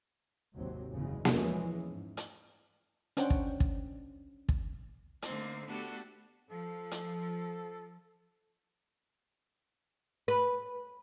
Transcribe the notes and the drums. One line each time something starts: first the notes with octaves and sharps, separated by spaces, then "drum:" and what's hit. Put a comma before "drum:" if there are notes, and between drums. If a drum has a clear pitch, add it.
G#1 D#2 C3 F#3 C4
F#1 E2 C#3 G#3
E2 E3 F3 G#3 C#4, drum: snare A#3
G#2
drum: hi-hat
C#4 D4 C5 F#5 G5, drum: hi-hat
drum: kick
drum: kick
drum: kick
D3 A3 A#3 C4 D#4, drum: hi-hat
A3 B3 D4 F#4 G4 A4
F3 A4
drum: hi-hat
B4